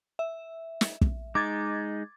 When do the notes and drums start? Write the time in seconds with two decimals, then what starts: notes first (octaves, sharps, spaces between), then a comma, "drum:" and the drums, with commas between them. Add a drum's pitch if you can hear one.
0.19 E5
0.81 drum: snare
1.01 drum: kick
1.35 G#3 D#4 D6 G#6 A6